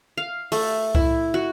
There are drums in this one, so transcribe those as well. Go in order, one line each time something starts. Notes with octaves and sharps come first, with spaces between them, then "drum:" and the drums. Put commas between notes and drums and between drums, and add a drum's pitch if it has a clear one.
F5
A3, drum: open hi-hat
E4, drum: kick C2
F#4